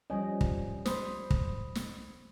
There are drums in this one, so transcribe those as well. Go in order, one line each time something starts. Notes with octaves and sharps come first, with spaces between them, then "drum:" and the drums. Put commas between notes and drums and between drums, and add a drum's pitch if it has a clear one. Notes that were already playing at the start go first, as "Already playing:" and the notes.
F3 G3 C#4 C#5 D#5 G#5
drum: kick
C5 B5 D#6, drum: snare
drum: kick
drum: snare